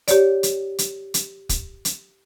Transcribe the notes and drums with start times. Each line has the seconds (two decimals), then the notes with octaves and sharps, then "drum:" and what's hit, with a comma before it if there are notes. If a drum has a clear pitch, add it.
0.08 G4 C#5 D5, drum: hi-hat
0.43 drum: hi-hat
0.78 drum: hi-hat
1.14 drum: hi-hat
1.49 drum: kick, hi-hat
1.85 drum: hi-hat